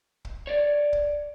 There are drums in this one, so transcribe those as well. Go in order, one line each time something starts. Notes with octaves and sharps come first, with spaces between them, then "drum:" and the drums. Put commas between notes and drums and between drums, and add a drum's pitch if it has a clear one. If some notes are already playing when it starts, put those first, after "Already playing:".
drum: kick
C#5 D5
drum: kick